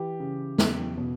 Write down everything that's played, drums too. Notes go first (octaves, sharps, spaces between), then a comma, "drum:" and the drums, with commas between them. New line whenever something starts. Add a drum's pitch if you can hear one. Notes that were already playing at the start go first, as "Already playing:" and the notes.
Already playing: E3 G4
C#3
E2, drum: snare
B2